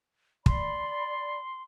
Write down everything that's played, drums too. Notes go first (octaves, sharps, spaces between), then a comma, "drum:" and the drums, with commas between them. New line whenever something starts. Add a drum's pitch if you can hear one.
D5 B5 C6, drum: kick